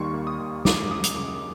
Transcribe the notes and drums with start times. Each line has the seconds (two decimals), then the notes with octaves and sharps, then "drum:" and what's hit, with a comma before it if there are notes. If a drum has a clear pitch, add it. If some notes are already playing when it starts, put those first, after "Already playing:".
Already playing: D#2 D#3 G3 A#3 C6 C#6
0.14 A#3
0.27 D#6
0.40 D#2
0.65 G#3 D6, drum: snare
0.91 F#2 D#6
1.04 drum: hi-hat
1.16 C#3 D6